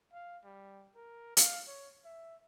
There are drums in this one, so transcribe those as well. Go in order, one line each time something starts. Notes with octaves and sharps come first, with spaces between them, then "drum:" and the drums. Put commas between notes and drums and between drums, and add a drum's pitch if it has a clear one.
F5
G3
A#4
F5, drum: hi-hat
C#5
E5